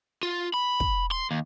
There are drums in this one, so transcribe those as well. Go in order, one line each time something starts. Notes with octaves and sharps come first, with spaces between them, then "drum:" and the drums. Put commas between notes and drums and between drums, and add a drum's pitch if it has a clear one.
F4
B5
drum: kick
C6
D#2